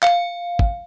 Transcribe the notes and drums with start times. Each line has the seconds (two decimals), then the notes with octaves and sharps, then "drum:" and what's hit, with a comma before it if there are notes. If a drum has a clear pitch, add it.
0.03 F5, drum: clap
0.59 drum: kick